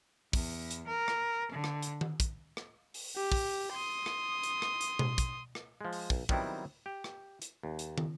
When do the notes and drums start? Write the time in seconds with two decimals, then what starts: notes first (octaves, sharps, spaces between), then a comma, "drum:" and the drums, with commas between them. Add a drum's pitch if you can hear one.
0.33 E2, drum: kick, open hi-hat
0.71 drum: hi-hat
0.87 A#4
1.08 drum: rim click
1.52 D3
1.64 drum: rim click
1.82 drum: hi-hat
2.01 drum: tom D#3
2.20 drum: kick, hi-hat
2.57 drum: rim click
2.94 drum: open hi-hat
3.16 G4
3.32 drum: kick, open hi-hat
3.73 C6 D#6
4.06 drum: rim click
4.43 drum: hi-hat
4.62 drum: rim click
4.81 drum: hi-hat
4.99 drum: tom B2
5.18 drum: kick, hi-hat
5.55 drum: rim click
5.81 F3 G#3
5.93 drum: open hi-hat
6.10 B1, drum: kick
6.29 D#3 F#3 G3 B3 C4 E4, drum: kick
6.86 G4
7.04 drum: rim click
7.42 drum: hi-hat
7.63 D#2
7.79 drum: hi-hat
7.98 drum: tom